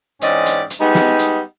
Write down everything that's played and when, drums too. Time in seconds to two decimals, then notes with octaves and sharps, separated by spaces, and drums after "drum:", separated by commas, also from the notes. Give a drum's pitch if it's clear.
0.21 G#2 E3 C4 C#4 D5 D#5, drum: hi-hat
0.46 drum: hi-hat
0.70 drum: hi-hat
0.80 G3 G#3 B3 D#4
0.95 drum: snare
1.19 drum: hi-hat